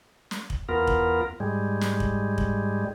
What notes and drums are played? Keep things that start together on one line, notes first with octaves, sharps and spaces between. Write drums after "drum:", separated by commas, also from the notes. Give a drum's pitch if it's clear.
drum: snare
drum: kick
E2 B3 F4 A#4
drum: kick
G#2 G3 G#3
drum: snare
drum: kick
drum: kick